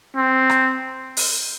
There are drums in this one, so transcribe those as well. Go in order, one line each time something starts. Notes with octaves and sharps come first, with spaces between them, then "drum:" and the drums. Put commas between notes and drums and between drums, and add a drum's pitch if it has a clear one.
C4
drum: rim click
drum: open hi-hat